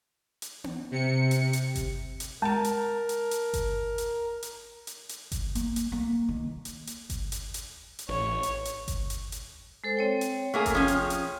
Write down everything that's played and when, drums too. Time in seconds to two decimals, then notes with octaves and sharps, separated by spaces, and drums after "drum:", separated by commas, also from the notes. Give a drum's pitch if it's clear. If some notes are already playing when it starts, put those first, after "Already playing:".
0.42 drum: hi-hat
0.64 drum: tom B3
0.91 C3 C#7
1.31 drum: hi-hat
1.53 drum: hi-hat
1.75 drum: kick G1, hi-hat
2.20 drum: hi-hat
2.42 G#3 A#4 A5 A#5
2.64 drum: hi-hat
3.09 drum: hi-hat
3.31 drum: hi-hat
3.53 drum: kick G1, hi-hat
3.98 drum: hi-hat
4.43 drum: hi-hat
4.87 drum: hi-hat
5.09 drum: hi-hat
5.32 drum: kick G1, hi-hat
5.55 A#3, drum: hi-hat
5.76 drum: hi-hat
5.92 A#3
6.29 D#3
6.65 drum: hi-hat
6.87 drum: hi-hat
7.10 drum: kick G1, hi-hat
7.32 drum: hi-hat
7.54 drum: hi-hat
7.99 drum: hi-hat
8.09 A1 C#5
8.43 drum: hi-hat
8.65 drum: hi-hat
8.88 drum: kick G1, hi-hat
9.10 drum: hi-hat
9.32 drum: hi-hat
9.84 G#3 A4 C5
9.97 C4 C#5 G5
10.21 drum: hi-hat
10.54 A3 A#3 G#4
10.66 drum: kick G1, hi-hat
10.75 F3 C#4 C#5 G5 D#6
10.88 drum: hi-hat
11.10 drum: hi-hat